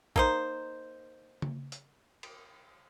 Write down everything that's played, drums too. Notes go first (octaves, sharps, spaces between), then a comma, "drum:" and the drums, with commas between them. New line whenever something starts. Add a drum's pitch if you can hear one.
A#3 D#4 C5, drum: kick A1
drum: tom C#3
drum: hi-hat
drum: cymbal